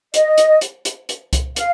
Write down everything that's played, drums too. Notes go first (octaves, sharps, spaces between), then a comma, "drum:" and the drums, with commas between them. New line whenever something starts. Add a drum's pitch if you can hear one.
D#5, drum: hi-hat
drum: hi-hat
drum: hi-hat
drum: hi-hat
drum: hi-hat
drum: kick C2, hi-hat
F5, drum: hi-hat